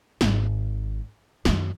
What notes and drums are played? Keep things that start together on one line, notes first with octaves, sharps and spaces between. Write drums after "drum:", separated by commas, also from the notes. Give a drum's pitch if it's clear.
G#1, drum: snare
F#2 D#3, drum: snare